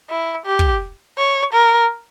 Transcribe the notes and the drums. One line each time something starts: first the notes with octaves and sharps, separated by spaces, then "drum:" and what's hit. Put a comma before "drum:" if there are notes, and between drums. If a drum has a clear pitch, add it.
E4
G4
drum: kick
C#5
A#4